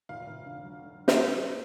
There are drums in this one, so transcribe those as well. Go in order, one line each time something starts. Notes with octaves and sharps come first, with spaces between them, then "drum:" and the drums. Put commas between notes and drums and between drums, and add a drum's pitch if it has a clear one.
F1 F5
F1
D3
F#3
D3
drum: snare